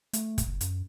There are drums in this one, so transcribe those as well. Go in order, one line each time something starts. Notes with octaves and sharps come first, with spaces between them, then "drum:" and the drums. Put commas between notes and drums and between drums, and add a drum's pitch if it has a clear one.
A3, drum: hi-hat
drum: kick, hi-hat
F#1
F#2, drum: hi-hat